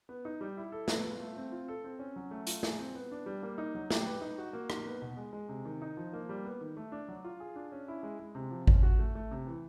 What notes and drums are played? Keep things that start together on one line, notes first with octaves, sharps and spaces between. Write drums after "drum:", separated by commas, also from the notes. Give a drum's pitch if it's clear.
B3
D#4
G3
E4
A4
B3, drum: snare
F4
A3
C4
F4
A4
C4
C#4
F#3
A3
F4, drum: hi-hat
G#4, drum: snare
C4
B3
D4
G3
A#3
D#4
F#3
G4, drum: snare
B4
D#4
F#4
A#3
D#4, drum: rim click
B3
B2
G#3
G#3
C3
D#3
D#4
F3
A#3
G3
B3
D#3
A3
D4
F#3
F4
G#4
D4
C#4
E4
G#3
G#3
C3
F3
C#4, drum: kick G#1
F#4
A3
A3
C3
E3